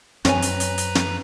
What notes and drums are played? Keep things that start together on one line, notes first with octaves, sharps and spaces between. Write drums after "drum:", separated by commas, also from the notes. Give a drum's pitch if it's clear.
F#2 F#3 C4 B4 C#5 G#5 A#5, drum: snare
drum: hi-hat
drum: hi-hat
drum: hi-hat
drum: snare